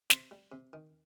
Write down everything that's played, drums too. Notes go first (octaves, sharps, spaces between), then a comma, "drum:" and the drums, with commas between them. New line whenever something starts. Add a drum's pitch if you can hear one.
C3 C5, drum: snare
G3
C3
D#3